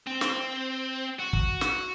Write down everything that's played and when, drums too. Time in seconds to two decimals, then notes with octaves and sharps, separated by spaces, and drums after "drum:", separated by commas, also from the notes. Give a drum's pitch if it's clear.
0.07 C4
0.21 drum: snare
1.19 F#4
1.33 drum: kick
1.61 drum: snare